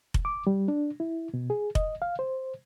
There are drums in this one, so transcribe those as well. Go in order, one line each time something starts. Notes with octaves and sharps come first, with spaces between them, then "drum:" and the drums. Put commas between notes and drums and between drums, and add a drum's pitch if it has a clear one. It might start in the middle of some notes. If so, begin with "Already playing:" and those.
drum: kick F1
D6
G3
D4
E4
B2
G#4
D#5, drum: kick F1
F5
C5